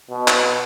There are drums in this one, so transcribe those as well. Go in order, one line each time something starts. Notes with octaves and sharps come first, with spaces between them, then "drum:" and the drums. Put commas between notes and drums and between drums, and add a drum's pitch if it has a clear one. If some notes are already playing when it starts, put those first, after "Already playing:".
B2
drum: clap